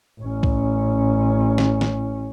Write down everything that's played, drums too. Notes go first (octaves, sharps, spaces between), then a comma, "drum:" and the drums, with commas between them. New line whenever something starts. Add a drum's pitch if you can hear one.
A1 C#4
drum: kick C2
drum: snare
drum: snare